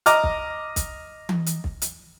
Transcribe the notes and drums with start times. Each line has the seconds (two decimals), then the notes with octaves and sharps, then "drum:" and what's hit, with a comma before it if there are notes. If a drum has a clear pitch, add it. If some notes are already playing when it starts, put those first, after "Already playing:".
0.06 D#5 A#5 D6 F6, drum: hi-hat
0.23 drum: kick
0.76 drum: kick, hi-hat
1.29 drum: tom E3
1.46 drum: hi-hat
1.64 drum: kick
1.82 drum: hi-hat